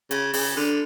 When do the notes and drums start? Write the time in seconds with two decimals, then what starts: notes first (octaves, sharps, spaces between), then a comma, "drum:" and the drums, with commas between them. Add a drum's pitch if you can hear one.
0.11 C#3, drum: hi-hat
0.33 C#3, drum: open hi-hat
0.57 D3